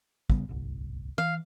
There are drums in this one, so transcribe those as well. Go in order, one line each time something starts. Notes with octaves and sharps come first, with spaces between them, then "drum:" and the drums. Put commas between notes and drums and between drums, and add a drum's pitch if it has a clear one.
C#3 G3 B3, drum: kick
D1 G1 C2
E3 F5